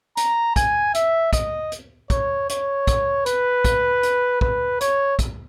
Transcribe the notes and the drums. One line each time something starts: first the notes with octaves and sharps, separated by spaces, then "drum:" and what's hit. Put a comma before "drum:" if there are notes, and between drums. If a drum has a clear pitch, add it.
A#5, drum: hi-hat
G#5, drum: kick, hi-hat
E5, drum: hi-hat
D#5, drum: kick, hi-hat
drum: hi-hat
C#5, drum: kick, hi-hat
C#5, drum: hi-hat
drum: kick, hi-hat
B4, drum: hi-hat
drum: kick, hi-hat
drum: hi-hat
B4, drum: kick
C#5, drum: hi-hat
drum: kick, hi-hat